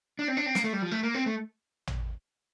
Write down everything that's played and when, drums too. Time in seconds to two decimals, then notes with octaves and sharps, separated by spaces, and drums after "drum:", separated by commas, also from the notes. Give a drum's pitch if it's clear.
0.19 D4
0.28 C4
0.37 D4
0.46 C4
0.55 A#3, drum: snare
0.64 A3
0.73 G3
0.82 F3
0.91 A3
1.03 A#3
1.15 C4
1.26 A3
1.87 drum: tom A1